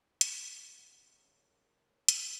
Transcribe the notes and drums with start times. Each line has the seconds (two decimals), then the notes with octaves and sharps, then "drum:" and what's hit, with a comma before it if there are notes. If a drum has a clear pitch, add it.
0.21 C#3 F#3 C#4 F#5, drum: hi-hat
0.67 D#5
0.78 F#5
0.89 D#5
1.15 C#3 F#3 C#4 C#5
1.38 A#4
1.62 A#4
1.85 C#5
2.08 C#3 F#3 C#4, drum: hi-hat